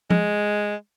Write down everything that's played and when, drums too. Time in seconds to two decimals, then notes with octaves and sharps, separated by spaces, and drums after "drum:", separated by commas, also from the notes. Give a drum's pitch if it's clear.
0.10 G#3, drum: tom